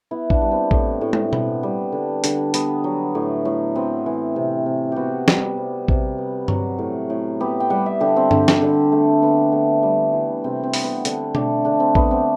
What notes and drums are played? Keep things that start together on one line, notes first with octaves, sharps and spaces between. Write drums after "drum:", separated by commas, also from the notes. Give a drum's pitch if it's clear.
B3 E4
D4, drum: kick
G3
C4
A2, drum: kick
A2
drum: tom
B3, drum: tom B2
G3
D3
D3, drum: hi-hat
B3, drum: hi-hat
F#3
A2
A2
B3 C4
E3
C3
C3
B3 F#4 G4
G3, drum: snare
C3
C3, drum: kick
B3
F#3, drum: tom G2
A2
A2
B3 G4
G5
G3 F#5
E5
D3 G4
C4
D3 C4, drum: tom G2
drum: snare
D3
A3
D3 B3
A3
G3
E3
C3 C4
C4
B3, drum: open hi-hat
B3
D3 C4, drum: hi-hat
A3 D4, drum: tom B2
D3 D4
C4
A3 B3, drum: kick
C4